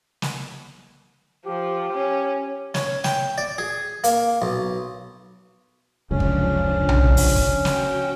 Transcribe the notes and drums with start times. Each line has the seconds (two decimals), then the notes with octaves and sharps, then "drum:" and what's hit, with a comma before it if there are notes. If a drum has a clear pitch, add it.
0.22 drum: snare
1.46 F3 G4
1.93 C#4
2.74 C#4, drum: snare
3.04 G5, drum: snare
3.38 D5
3.58 G#4
4.04 A#3, drum: hi-hat
4.42 B1
6.11 F1 C#2 F#2 C#3 F3 C#4 D4
6.20 drum: kick
6.89 drum: tom B1
7.17 drum: open hi-hat
7.36 drum: kick
7.65 F#4 G5, drum: snare